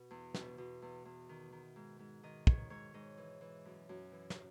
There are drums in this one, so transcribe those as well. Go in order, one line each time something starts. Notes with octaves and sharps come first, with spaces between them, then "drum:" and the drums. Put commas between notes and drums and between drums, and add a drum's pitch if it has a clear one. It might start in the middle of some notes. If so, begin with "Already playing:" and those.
Already playing: B2
E2
B2, drum: snare
B2
E2
E2
D#3
D#3
G#2
G#2
D#3 D#5
D#3 C#5, drum: kick
G#2 C#5
G#2 D#5
E3
E3
F#2
F#2
E3
drum: snare